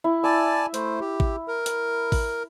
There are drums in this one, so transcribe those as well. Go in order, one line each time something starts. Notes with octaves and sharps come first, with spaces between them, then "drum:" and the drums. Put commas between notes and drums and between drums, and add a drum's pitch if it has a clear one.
E4
D5 G#5 A5 E6
A3 C5, drum: hi-hat
G4
drum: kick A1
A#4
drum: hi-hat
drum: kick A1, open hi-hat